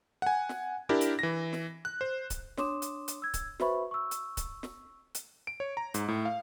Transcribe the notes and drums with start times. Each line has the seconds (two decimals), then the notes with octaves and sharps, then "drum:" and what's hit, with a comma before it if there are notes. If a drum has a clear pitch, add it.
0.22 F#5 G#5
0.49 drum: snare
0.89 D4 E4 G4 A#4
1.01 drum: hi-hat
1.19 E3 A#6
1.53 drum: snare
1.85 F#6
2.01 C5
2.30 drum: kick C#1, hi-hat
2.57 D4 C#5 C6 D6 D#6 E7, drum: snare
2.82 drum: hi-hat
3.08 drum: hi-hat
3.22 E6 G#6
3.34 drum: kick C#1, hi-hat
3.60 F#4 B4 C5 E5 B5 C#6, drum: snare
3.91 C#6 E6
4.11 drum: hi-hat
4.37 drum: kick C#1, hi-hat
4.63 drum: snare
5.15 drum: hi-hat
5.47 D7
5.60 C#5
5.77 A#5
5.94 G#2, drum: hi-hat
6.08 A2
6.25 F5